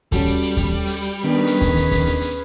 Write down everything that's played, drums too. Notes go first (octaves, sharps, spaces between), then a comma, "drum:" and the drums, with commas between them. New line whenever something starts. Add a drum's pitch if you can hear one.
G3 C#4 F#4 A4, drum: kick D#2, hi-hat
drum: hi-hat
drum: hi-hat
drum: kick D#2, hi-hat
drum: hi-hat
drum: hi-hat
D#3 B3 C#4 D4 G#4 B4
drum: hi-hat
drum: kick D#2, hi-hat
drum: hi-hat
drum: kick D#2, hi-hat
drum: hi-hat
drum: hi-hat